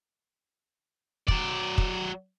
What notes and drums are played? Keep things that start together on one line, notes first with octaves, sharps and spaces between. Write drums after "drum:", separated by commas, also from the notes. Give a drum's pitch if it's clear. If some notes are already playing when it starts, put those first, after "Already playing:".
F#3 D5, drum: kick
drum: kick